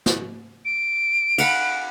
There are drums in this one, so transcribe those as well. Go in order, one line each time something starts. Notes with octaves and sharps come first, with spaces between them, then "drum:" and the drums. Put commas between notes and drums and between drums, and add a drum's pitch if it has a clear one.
drum: snare
D7
F5 F#5 B5, drum: cymbal